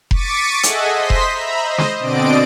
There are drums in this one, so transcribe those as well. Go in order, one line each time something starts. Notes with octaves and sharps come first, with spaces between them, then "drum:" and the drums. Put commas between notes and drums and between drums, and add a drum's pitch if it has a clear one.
C#6 D6 A6 B6 C#7 D#7, drum: kick F1
G#4 A4 D#5 E5 F#5 G#5, drum: hi-hat
C5 D#5 C6 B6
drum: kick F1
E5 A#5 B5
C5 D#5
drum: snare
B2 D3 C4 D5 D#5 D7